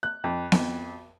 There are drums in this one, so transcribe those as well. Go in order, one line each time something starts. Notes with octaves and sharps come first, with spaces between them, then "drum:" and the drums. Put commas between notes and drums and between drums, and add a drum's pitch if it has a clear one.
F#6
F2
F2, drum: snare B3